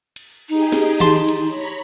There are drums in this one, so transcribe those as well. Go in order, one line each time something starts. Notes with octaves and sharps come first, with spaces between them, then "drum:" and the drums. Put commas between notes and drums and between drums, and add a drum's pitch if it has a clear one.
drum: cymbal
D#4 G4 G#4 D#5
drum: snare
A5 C6, drum: tom D#3
drum: cymbal
C#5 A#5 B5